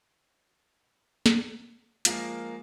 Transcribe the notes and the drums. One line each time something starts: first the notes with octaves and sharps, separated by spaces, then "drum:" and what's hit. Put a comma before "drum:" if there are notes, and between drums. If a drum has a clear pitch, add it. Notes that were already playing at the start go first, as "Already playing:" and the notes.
drum: snare
F3 G#3 A#3 A#4, drum: hi-hat